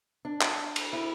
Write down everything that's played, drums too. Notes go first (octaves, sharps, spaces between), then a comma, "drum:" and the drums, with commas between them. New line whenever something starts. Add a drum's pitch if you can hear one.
D4
drum: clap
drum: cymbal
E4